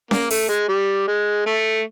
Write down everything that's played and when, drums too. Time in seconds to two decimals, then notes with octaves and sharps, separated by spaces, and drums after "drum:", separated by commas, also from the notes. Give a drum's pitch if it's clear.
0.11 A#3, drum: snare C#4
0.31 A3, drum: open hi-hat
0.49 G#3
0.69 G3
1.07 G#3
1.47 A3